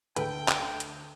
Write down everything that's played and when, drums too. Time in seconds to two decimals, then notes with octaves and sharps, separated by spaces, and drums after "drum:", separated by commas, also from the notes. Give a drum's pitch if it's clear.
0.16 D2 A4 B4 G5, drum: hi-hat
0.48 drum: clap
0.80 drum: hi-hat